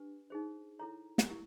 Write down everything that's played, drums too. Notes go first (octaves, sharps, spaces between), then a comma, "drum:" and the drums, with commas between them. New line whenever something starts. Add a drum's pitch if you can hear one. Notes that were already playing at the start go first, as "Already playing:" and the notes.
Already playing: D4 G4 B4
D#4 G#4 C5
E4 A4 C#5 A#5
drum: snare
E4 G4 A#4